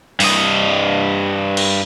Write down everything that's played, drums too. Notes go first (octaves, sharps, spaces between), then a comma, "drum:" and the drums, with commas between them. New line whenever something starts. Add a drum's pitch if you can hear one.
G2 D#5, drum: open hi-hat
drum: cymbal